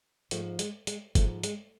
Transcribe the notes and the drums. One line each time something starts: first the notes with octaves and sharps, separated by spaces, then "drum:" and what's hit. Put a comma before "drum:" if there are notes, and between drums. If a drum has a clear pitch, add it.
G#2 F3 G#3 A3, drum: hi-hat
G#3, drum: hi-hat
G#3, drum: hi-hat
G#2 F3 G#3 A3, drum: kick G1, hi-hat
G#3, drum: hi-hat